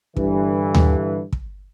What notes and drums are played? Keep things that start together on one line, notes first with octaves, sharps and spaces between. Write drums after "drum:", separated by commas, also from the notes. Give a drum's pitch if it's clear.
G2 D3 E3, drum: kick
drum: tom D#2
drum: kick